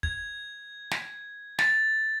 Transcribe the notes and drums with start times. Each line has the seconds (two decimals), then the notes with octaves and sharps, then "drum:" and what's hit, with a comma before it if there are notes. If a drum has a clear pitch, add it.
0.03 G#6, drum: kick
0.91 drum: snare
1.59 A6, drum: snare